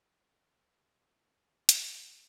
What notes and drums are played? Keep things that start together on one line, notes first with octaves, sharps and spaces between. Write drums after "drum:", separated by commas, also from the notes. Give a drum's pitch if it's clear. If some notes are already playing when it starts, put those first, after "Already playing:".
D#3
E4
F4 A#4
C#3
A3 C4
C#4, drum: hi-hat